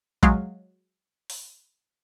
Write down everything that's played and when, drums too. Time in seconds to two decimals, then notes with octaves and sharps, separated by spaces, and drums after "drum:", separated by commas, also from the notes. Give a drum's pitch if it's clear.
0.23 F#3 G#3 F5, drum: kick A#1
1.30 drum: open hi-hat